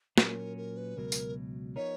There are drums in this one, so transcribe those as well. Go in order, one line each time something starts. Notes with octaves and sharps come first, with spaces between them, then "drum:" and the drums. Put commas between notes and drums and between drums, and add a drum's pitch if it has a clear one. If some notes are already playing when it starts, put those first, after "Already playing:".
A#2 F#3 C#4 A#4, drum: snare
A#4
B4
C#2 B2 F#3 A#4
drum: tambourine
F3 B3 D#4 A#4 C#5